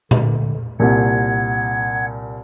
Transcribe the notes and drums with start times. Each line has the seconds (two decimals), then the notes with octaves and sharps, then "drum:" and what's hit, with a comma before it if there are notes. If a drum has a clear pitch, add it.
0.11 D3, drum: tom A#2
0.79 C2 A#2 F#5 G#6